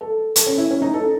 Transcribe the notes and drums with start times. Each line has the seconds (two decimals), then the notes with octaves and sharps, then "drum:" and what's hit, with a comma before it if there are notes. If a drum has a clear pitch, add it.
0.01 A4
0.36 A4, drum: hi-hat
0.47 C#4
0.58 E4
0.70 C#4
0.82 D#4
0.94 A4